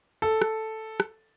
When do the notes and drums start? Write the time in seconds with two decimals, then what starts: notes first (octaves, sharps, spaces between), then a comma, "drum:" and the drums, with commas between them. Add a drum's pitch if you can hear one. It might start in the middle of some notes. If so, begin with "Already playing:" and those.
0.22 A4
0.42 drum: rim click
1.00 drum: rim click